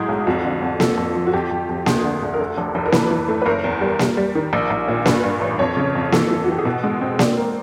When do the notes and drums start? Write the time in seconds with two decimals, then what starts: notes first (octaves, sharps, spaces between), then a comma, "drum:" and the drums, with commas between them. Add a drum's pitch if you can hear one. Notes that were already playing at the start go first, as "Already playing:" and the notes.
Already playing: A2 F#3 G#3 G#4
0.09 B1
0.27 F2 F#4
0.45 D3
0.62 F2
0.80 F3 A4, drum: snare A#3
0.97 F2
1.15 F3
1.27 F#4
1.33 F2 G4
1.51 F2
1.69 F2
1.86 D2 G#4, drum: snare A#3
2.04 D3
2.22 D2
2.34 A#4
2.39 F1 A4
2.57 F1
2.75 F1
2.86 A#4
2.92 E3 B4, drum: snare A#3
3.11 E3
3.29 A3
3.42 B4
3.46 F#1 A#4
3.64 E2
3.81 G3
3.99 G3, drum: snare A#3
4.17 G3
4.35 D#3
4.53 A#1
4.70 A#1
4.88 A#2
5.06 G2 B4, drum: snare A#3
5.24 G2
5.41 A1
5.59 F2 C#5
5.77 C#3
5.95 F2
6.12 E3 A4, drum: snare A#3
6.31 E3
6.44 F#4
6.48 E3 G4
6.58 G#4
6.65 B2 A4
6.84 G#3
7.01 C4
7.19 D4, drum: snare A#3
7.37 A#3